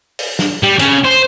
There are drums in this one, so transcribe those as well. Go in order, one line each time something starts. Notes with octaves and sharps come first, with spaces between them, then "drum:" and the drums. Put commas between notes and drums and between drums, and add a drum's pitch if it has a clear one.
drum: open hi-hat
drum: snare
G3
C#3, drum: hi-hat
C5